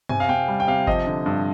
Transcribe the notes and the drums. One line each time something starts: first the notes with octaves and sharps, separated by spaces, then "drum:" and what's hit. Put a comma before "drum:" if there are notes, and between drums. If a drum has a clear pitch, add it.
C3 G#5, drum: tom
F5
C3 G5
G3
G5
C3 F5
F3 D#5, drum: kick G1
D3
G2